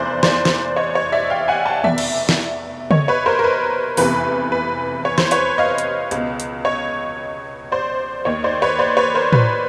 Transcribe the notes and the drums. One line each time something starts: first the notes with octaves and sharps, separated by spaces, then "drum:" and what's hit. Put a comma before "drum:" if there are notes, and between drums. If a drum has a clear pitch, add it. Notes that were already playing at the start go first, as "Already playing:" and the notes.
Already playing: F1 E2 E3 C5 D5
C5 D5, drum: snare
drum: snare
C#5 D#5
C#5 D#5
D5 E5
F5 G5
F#5 G#5
G5 A5
F1 E2 B2 D5 E5, drum: tom D#3
drum: cymbal
drum: snare
C#5 D#5, drum: tom C#3
B4 C#5
A#4 C5
A#4
B4
F1 E2 C3 E3 B4, drum: open hi-hat
B4
C#5
C5, drum: snare
B4 C#5, drum: hi-hat
D#5 F5
drum: hi-hat
C#2 B2, drum: hi-hat
drum: hi-hat
C#5 D#5
C5 D5
D#2 D#3 C#5 D#5
C5 D5
B4 C#5
C5 D5
B4 C#5
A#4 C5
B4, drum: tom A2